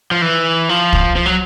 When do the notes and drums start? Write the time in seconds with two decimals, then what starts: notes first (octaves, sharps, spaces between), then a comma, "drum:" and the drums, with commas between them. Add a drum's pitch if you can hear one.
0.11 F3
0.22 E3
0.69 F3
0.93 drum: kick
1.16 F3
1.26 F#3